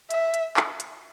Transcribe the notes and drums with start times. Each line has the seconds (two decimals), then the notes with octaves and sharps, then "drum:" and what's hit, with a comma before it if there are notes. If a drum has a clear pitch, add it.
0.10 E5, drum: hi-hat
0.34 drum: hi-hat
0.57 drum: clap
0.80 drum: hi-hat